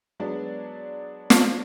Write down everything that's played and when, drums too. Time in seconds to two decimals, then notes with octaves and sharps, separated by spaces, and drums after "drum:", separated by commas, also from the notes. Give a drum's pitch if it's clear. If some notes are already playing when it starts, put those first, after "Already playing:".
0.20 F#3 G#3 B3 D4
1.30 drum: snare